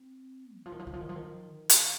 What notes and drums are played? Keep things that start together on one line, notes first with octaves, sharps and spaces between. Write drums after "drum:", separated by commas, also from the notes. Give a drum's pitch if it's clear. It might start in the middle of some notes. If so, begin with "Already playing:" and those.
Already playing: C4
D#3
F3
D#3
F3
D#3
F3
D#3
F3
D#3
drum: hi-hat